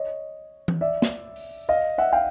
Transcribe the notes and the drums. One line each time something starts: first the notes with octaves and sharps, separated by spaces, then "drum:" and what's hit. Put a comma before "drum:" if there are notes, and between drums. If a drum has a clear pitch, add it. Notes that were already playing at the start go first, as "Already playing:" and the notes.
Already playing: C#5 D#5
drum: tom E3
D5 E5
drum: snare
drum: open hi-hat
D#5 F5
E5 F#5
F5 G5